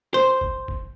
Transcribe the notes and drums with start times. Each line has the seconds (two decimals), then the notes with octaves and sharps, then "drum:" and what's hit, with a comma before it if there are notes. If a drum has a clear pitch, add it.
0.14 C5
0.41 drum: kick
0.68 drum: kick